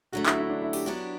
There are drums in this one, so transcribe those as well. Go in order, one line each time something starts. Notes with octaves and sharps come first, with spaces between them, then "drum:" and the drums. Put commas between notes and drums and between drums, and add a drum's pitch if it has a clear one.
D3 F#3 A3 F#4
E4, drum: clap
F#4
E4
D4
E4
G4, drum: open hi-hat
F#3 B3 D4 F#4 G4